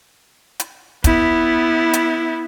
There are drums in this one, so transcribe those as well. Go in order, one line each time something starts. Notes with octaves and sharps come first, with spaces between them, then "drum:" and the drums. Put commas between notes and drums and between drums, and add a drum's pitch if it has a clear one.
drum: hi-hat
B3 E4, drum: kick, hi-hat
drum: hi-hat